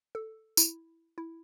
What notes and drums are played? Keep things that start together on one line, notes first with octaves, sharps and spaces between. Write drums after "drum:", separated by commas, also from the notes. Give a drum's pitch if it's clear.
A4
E4, drum: tambourine
E4